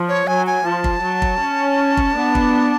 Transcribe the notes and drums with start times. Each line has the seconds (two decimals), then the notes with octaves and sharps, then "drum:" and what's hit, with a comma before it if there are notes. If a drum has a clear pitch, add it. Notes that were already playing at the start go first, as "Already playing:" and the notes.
Already playing: F3
0.09 C#5
0.27 F#3 G#5
0.47 G#5
0.65 F3 A5
0.84 drum: kick
1.02 F#3
1.22 drum: kick
1.41 C#4
1.97 drum: kick
2.16 B3 D4
2.35 drum: kick